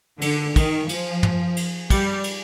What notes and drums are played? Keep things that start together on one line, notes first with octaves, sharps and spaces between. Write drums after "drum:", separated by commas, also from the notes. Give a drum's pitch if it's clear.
D3, drum: cymbal
D#3, drum: kick, cymbal
F3, drum: cymbal
drum: tom
drum: cymbal
G3, drum: kick, cymbal
drum: cymbal